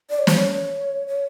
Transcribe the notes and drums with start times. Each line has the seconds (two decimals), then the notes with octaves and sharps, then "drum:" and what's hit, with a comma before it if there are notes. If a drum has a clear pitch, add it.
0.10 D5
0.19 C#5
0.27 C5, drum: snare
0.35 C#5
1.08 C#5